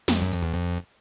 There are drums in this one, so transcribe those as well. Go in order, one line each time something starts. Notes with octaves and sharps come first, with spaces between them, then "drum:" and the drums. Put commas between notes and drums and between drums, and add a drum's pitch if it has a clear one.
F2, drum: snare
F#2
F2, drum: tambourine
E2
F2